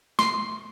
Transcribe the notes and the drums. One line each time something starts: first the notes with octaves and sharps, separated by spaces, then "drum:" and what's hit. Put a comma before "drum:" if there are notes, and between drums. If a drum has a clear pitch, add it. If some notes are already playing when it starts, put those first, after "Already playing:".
C6, drum: snare